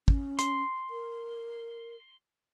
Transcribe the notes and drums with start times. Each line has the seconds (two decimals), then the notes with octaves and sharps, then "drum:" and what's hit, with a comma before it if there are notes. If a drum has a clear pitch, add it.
0.08 C#4, drum: kick
0.39 C6, drum: hi-hat
0.90 A#4